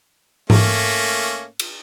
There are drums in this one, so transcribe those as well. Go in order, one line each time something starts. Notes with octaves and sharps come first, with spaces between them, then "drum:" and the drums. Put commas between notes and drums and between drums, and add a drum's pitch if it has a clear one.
A3 A#3 C#4, drum: tom G#2
drum: cymbal